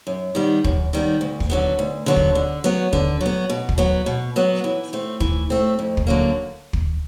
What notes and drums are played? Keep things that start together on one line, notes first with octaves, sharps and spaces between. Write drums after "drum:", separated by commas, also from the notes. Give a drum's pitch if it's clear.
F#2
D#3 G3 B3
F#2, drum: kick
D#3 G3 B3
D2
drum: kick
D3 F#3 B3
D2
D3 F#3 B3
drum: kick
D3
F#3 B3
D3, drum: kick
F#3
B3
B2
drum: kick
F#3 B3
B2
F#3 B3
E3
A3 C4
E3, drum: kick
A3 C4
F2
drum: kick
D3 F#3 A#3
drum: kick